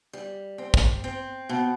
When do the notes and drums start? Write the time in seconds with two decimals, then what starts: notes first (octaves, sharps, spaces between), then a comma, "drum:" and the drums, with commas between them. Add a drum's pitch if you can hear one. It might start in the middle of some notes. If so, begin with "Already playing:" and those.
0.13 G3
0.58 C4
0.74 drum: kick
1.04 C4
1.49 B2